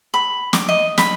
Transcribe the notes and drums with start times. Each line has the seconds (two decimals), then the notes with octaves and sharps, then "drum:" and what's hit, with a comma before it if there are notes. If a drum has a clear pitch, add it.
0.14 B5
0.53 D6, drum: snare
0.69 D#5
0.98 B5, drum: snare